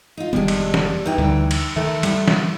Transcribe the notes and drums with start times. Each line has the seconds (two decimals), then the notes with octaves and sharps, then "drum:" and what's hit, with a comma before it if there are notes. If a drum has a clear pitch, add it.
0.17 D#4 F4
0.33 F1 D#3 G3 G#3 B3 D4
0.48 drum: cymbal
0.74 drum: snare
1.06 E3 D#4 G5
1.18 D2 D3 G3
1.51 drum: cymbal
1.76 D#3 A3
2.03 G3 B3 E4, drum: cymbal
2.28 drum: snare